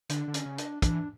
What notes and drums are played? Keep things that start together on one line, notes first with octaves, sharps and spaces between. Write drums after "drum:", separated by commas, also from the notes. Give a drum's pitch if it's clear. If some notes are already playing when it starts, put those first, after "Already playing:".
D3 D4, drum: hi-hat
D3
C#4, drum: hi-hat
C#3
D4, drum: hi-hat
E3 D4, drum: kick, hi-hat